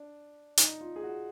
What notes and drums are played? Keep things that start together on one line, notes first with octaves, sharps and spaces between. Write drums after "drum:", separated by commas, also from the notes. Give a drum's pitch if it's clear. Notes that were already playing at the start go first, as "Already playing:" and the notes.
Already playing: D4
D#4, drum: hi-hat
F4
G#4
F#4